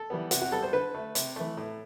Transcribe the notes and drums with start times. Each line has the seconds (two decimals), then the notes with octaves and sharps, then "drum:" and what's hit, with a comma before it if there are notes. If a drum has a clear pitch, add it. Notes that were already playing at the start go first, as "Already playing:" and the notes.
Already playing: A4
0.10 E3 G3 B3
0.31 C3 F#4, drum: hi-hat
0.42 F#4
0.52 G3 B3 A4
0.63 C5
0.73 D3 B4
0.94 A3
1.15 C3, drum: hi-hat
1.36 E3 A3
1.57 A2